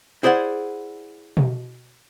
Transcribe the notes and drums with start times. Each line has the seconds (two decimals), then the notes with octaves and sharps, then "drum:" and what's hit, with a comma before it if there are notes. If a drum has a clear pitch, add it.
0.23 E4 G#4 C5 D5 F#5
1.37 drum: tom B2